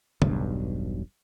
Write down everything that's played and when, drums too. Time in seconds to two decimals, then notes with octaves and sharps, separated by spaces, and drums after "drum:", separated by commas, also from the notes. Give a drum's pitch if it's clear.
0.22 E1 B1 G2, drum: tom